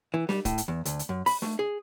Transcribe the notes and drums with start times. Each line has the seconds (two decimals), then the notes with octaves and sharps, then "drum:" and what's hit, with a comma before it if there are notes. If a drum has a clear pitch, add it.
0.14 E3
0.29 G3, drum: snare
0.45 A2, drum: kick, hi-hat
0.58 drum: hi-hat
0.68 E2
0.85 D2, drum: hi-hat
0.99 drum: hi-hat
1.09 F#2
1.26 B5, drum: open hi-hat
1.42 A3, drum: snare
1.59 G#4